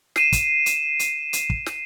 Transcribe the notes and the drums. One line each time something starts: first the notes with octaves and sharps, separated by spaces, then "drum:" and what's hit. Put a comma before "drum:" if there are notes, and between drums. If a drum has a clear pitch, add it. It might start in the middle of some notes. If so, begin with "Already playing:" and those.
C7 D#7 E7, drum: snare
drum: kick, hi-hat
drum: hi-hat
drum: hi-hat
drum: hi-hat
drum: kick
drum: snare